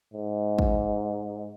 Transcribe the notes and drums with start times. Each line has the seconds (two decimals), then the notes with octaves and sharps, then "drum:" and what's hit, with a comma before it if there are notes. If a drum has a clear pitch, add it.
0.13 G#2
0.58 drum: kick